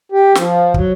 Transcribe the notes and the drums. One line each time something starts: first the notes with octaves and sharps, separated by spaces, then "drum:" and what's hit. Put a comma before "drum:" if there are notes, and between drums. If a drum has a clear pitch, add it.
G4
F3, drum: snare
F#3, drum: kick